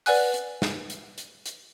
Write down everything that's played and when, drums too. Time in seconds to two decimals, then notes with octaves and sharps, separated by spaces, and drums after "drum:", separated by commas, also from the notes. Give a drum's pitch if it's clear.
0.06 B4 D5 F#5 G#5 F#6, drum: open hi-hat
0.34 drum: hi-hat
0.62 drum: snare
0.90 drum: hi-hat
1.18 drum: hi-hat
1.46 drum: hi-hat